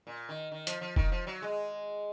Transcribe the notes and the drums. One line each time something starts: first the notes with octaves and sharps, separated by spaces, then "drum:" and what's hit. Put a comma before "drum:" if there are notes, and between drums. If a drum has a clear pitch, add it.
A#2
D#3
D#3
F3, drum: hi-hat
F3
D#3, drum: kick
F3
F#3
G#3